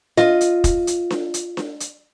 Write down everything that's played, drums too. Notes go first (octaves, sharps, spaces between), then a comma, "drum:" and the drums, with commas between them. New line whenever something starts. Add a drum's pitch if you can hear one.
F4 D#5, drum: snare D4
drum: hi-hat
drum: kick, hi-hat
drum: hi-hat
drum: snare D4
drum: hi-hat
drum: snare D4
drum: hi-hat